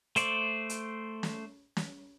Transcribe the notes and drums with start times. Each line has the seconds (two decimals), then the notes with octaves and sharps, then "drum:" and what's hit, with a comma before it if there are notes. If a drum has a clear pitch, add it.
0.16 A3 C5 D5, drum: hi-hat
0.69 drum: hi-hat
1.23 drum: snare
1.77 drum: snare